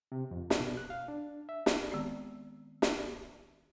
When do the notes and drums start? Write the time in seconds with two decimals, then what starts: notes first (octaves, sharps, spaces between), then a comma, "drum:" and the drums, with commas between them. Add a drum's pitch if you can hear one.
0.12 C3
0.31 F2
0.50 drum: snare
0.60 B2
0.77 F#6
0.90 F5
1.08 D4
1.49 E5
1.66 drum: snare
1.91 D#3 G#3 B3 C4 D5
2.82 drum: snare